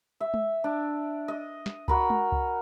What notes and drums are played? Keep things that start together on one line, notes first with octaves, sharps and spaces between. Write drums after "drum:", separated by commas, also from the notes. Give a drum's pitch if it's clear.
E5
drum: tom G#3
D4
D#5
drum: snare
F#4 A#4 B5, drum: kick C#2
drum: tom G#3
drum: kick C#2